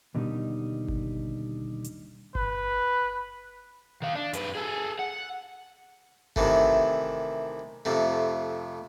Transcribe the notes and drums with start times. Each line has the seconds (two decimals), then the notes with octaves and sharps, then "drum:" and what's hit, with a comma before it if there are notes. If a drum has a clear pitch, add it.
0.14 D#2 B2 D3 G3 D#4
0.88 drum: kick G1
1.84 drum: hi-hat
2.35 B4, drum: kick G1
4.02 D#3 F5
4.16 D4
4.33 F#2 B4, drum: hi-hat
4.55 G#4 A4
4.99 F#5
6.36 C3 D#3 E3 A3, drum: kick G1
7.85 F2 C3 A3